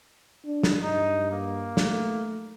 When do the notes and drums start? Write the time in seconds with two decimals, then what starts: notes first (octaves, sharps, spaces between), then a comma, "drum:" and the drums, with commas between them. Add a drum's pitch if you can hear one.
0.45 D4
0.63 drum: snare
0.83 G2 D#4
1.32 A#3
1.77 A3, drum: snare